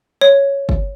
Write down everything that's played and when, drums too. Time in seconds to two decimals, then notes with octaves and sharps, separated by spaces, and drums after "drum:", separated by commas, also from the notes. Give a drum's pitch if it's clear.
0.21 C#5
0.69 drum: kick G1